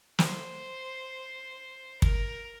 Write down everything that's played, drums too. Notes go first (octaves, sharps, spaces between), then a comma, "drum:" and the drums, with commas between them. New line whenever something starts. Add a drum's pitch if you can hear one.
C5, drum: snare
A#4, drum: kick